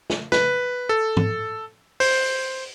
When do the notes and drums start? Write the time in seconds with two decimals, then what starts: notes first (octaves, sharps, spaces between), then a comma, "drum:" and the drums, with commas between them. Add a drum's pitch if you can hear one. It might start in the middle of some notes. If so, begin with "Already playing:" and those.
0.10 drum: snare
0.32 B4, drum: snare
0.89 A4
1.17 drum: tom
2.00 C5, drum: open hi-hat